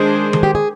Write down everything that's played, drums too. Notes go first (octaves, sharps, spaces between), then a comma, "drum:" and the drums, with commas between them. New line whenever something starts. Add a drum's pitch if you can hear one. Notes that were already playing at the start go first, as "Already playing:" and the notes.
Already playing: D#3 G#3 D4 G#4 C5
drum: tom D#3
G4
G#4